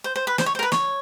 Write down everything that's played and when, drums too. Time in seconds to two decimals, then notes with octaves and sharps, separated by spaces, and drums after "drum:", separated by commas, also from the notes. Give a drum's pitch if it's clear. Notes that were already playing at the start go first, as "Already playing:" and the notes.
0.04 C5
0.16 C5
0.27 B4
0.38 C5, drum: snare
0.46 C#5
0.55 C5
0.59 A#4
0.63 B4
0.72 C#5, drum: snare